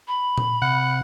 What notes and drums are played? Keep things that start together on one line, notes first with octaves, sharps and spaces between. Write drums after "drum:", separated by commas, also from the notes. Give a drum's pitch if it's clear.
B5
drum: tom A#2
C3 F#5